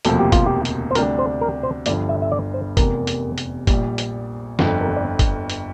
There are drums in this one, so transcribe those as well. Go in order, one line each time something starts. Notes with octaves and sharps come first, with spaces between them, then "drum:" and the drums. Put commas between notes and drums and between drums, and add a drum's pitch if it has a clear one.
E1 D2 C3 F3 A#3 A4, drum: hi-hat
G4
F4, drum: kick, hi-hat
G4
drum: hi-hat
C5
D2 C3 G3 D4 A#4, drum: hi-hat
C5
A#4
C5
G1 G2 D3 F3 D5, drum: hi-hat
E5
E5
D5
C5
F1 E2 C3 A#4, drum: kick, hi-hat
drum: hi-hat
drum: hi-hat
A#1 A#2 G3, drum: kick, hi-hat
drum: hi-hat
G1 F2 D3 A4, drum: snare
A#4
D5
drum: kick, hi-hat
drum: hi-hat